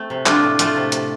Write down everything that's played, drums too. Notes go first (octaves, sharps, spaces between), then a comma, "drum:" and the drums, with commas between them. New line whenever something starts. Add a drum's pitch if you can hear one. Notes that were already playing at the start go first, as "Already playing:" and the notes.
Already playing: A3 C4
C3
A3 D4 F4, drum: clap
A2
A3 F4 A4, drum: hi-hat
C3
C3, drum: hi-hat